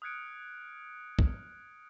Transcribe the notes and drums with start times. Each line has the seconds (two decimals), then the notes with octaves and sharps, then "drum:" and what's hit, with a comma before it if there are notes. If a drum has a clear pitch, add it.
0.02 D#6 F6 F#6 G#6 C#7 D7
1.19 drum: kick